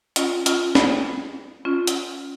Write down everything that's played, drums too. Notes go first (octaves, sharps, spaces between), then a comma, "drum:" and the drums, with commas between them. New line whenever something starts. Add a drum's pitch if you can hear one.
C#4 F4, drum: hi-hat
C#4 F4, drum: hi-hat
drum: snare
C#4 F4
drum: hi-hat